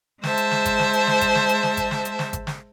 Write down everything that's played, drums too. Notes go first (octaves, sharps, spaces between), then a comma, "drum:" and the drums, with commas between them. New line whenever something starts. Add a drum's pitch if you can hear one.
G#3 C5 E5 A5, drum: snare
drum: hi-hat
drum: snare
drum: kick G#1, hi-hat
drum: snare
drum: hi-hat
drum: snare
drum: kick G#1, hi-hat
drum: snare
drum: hi-hat
drum: snare
drum: kick G#1, hi-hat
drum: snare
drum: hi-hat
drum: snare
drum: kick G#1, hi-hat
drum: snare